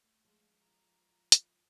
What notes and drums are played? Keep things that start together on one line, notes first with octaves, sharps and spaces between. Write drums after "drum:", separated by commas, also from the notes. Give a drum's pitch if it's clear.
A3
F3 G#3
A#5
drum: hi-hat